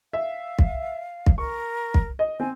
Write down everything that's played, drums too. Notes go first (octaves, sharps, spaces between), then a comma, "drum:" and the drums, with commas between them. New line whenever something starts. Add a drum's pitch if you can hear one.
E5 F5
drum: kick
drum: kick
A#4 C#6
drum: kick
D#5
C4 G#5